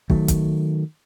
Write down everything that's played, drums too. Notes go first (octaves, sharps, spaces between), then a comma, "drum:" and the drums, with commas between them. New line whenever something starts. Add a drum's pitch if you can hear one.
D#3 F#3 A3, drum: kick
drum: kick, hi-hat